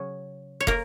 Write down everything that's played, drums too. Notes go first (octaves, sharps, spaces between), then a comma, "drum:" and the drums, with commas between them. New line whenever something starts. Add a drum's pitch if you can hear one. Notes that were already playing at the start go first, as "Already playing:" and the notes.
Already playing: C#3 F#3 C#4
C#5
A#3 A#4, drum: kick